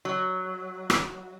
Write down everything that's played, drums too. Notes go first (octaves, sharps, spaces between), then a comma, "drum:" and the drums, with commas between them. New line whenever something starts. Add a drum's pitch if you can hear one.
F#3
drum: rim click